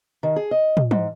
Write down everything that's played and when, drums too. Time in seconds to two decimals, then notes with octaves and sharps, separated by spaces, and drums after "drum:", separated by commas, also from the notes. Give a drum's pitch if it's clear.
0.23 D#3
0.36 G#4
0.51 D#5
0.77 drum: tom
0.91 G#2, drum: tom